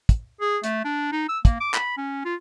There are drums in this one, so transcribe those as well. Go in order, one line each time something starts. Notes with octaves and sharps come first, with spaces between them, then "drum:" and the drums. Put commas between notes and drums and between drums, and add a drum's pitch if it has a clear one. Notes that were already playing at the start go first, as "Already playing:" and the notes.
drum: kick, hi-hat
G#4
A3, drum: hi-hat
D4
D#4
E6
A#3, drum: kick, hi-hat
D6
B5, drum: clap
C#4
F4